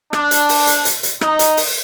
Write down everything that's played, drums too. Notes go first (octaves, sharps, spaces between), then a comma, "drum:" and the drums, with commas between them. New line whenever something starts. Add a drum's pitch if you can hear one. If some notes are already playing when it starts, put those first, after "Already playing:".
D4, drum: rim click
drum: hi-hat
drum: open hi-hat
drum: hi-hat
drum: hi-hat
drum: hi-hat
D#4, drum: rim click
drum: hi-hat
drum: open hi-hat